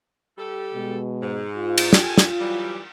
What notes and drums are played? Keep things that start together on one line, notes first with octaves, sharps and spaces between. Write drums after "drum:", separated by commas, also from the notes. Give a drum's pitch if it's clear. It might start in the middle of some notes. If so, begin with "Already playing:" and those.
G3 G4 A4
B2 G#3
G#2
F4
drum: cymbal
G4 A4 G#5, drum: snare
drum: snare
E3 F#3 G3